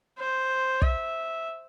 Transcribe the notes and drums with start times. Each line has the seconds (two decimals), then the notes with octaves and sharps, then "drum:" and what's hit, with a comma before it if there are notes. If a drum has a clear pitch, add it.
0.18 C5
0.82 E5, drum: kick